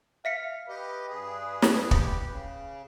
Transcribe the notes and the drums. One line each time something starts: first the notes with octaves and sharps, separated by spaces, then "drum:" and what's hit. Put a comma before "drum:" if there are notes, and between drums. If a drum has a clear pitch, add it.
E5 F5 B6 C#7
G4 B4 D#5
G2 G#4
drum: snare
G4, drum: kick
C#3